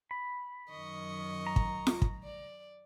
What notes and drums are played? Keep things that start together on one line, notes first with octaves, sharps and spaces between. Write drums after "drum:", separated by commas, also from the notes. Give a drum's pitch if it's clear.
B5
F#2 D#3 D#5 C#6
A#5
drum: kick
drum: snare F4
drum: kick
D5